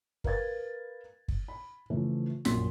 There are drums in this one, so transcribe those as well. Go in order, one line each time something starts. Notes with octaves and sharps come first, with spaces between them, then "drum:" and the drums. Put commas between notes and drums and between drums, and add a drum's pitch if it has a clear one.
A#4 B4 F5 G#6 A6, drum: kick
drum: kick
B5
C#3 E3 F3 A3
A#1 F#2 A#2 C6 B6, drum: snare